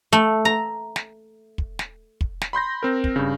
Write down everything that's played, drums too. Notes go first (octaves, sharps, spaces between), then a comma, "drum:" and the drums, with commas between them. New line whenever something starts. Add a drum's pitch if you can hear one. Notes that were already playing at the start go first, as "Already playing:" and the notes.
A3
A#5
drum: snare
drum: kick
drum: snare
drum: kick
drum: snare
B5 C6 G6 A#6
C4 A#4
drum: kick
G2 C#3